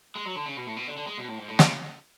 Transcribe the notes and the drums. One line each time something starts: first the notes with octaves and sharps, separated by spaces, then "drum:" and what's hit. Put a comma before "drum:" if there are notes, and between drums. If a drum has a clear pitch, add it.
G#3
F#3
D3
C#3
B2
A2
B2
D3
D3
G#3
B2
A2
G#2
A2
C#3, drum: snare